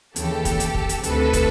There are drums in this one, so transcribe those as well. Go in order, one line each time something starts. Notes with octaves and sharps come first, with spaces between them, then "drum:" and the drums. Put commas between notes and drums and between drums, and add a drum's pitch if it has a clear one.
D#2 C#3 E3 G4 A4, drum: hi-hat
drum: kick, hi-hat
drum: hi-hat
drum: kick
drum: hi-hat
D2 C3 D#3 A4 B4, drum: hi-hat
drum: kick, hi-hat